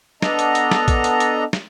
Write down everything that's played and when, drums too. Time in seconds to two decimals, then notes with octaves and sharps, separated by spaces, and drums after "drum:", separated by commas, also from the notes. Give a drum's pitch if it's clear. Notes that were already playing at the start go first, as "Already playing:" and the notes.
0.22 B3 D4 A4 D#5 A#5, drum: snare
0.39 drum: hi-hat
0.55 drum: hi-hat
0.71 drum: snare
0.88 drum: kick, hi-hat
1.04 drum: hi-hat
1.20 drum: hi-hat
1.53 drum: snare